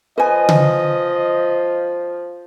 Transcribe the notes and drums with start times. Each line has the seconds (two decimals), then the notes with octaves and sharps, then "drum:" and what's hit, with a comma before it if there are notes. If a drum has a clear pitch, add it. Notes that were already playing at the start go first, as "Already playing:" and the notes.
0.18 F3 B4 D#5 G#5
0.49 drum: tom C#3